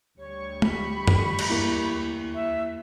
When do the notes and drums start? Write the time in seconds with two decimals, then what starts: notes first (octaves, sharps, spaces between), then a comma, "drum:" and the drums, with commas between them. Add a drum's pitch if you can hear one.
0.18 D2 G3 C#5 C#6
0.62 B5, drum: tom
1.07 drum: tom F#2
1.39 drum: cymbal
1.50 E2 A#3 E4
2.34 E5